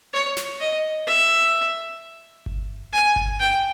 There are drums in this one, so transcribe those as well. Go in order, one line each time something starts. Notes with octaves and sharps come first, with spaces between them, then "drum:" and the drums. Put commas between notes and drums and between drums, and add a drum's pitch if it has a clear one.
C#5
drum: snare
D#5
E5
drum: kick G1
G#5
drum: kick G1
G5